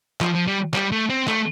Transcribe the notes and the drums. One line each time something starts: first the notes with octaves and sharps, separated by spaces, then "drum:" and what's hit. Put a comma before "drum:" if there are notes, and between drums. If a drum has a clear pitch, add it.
F3, drum: clap
F3
G3
G3, drum: clap
A3
C4
A3, drum: clap